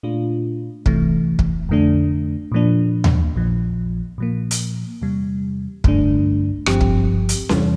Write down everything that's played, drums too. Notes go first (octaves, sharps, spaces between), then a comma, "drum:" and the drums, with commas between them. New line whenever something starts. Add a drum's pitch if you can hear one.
A#2 A3 D4 F4
C2 C3 E3 A3, drum: kick
drum: kick
F2 D3 A3 D4
A#2 F3 A#3 D4
drum: tom D#2
A#1 A#2 F3
A#2 F3 A#3
drum: hi-hat
E2 C3 G3
G2 D3 A3 D4, drum: kick
G1 G2 F3 C4 G4, drum: rim click
drum: kick
drum: hi-hat
E2 C3 E3 G3, drum: snare C#4